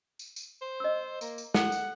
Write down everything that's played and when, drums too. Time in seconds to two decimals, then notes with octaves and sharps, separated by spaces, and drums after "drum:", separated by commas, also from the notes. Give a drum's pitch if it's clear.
0.19 drum: tambourine
0.36 drum: tambourine
0.62 C5
0.80 D#5 E6
1.21 A#3, drum: tambourine
1.38 drum: tambourine
1.54 A4 F#5, drum: snare
1.72 drum: tambourine